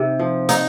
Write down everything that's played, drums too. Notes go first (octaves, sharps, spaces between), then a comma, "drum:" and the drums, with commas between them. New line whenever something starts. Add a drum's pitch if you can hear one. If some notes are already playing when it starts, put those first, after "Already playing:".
Already playing: C3 D#4
F3
D#4, drum: hi-hat